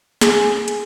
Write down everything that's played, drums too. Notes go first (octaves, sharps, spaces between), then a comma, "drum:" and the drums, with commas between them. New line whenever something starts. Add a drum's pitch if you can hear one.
G#4, drum: snare
drum: hi-hat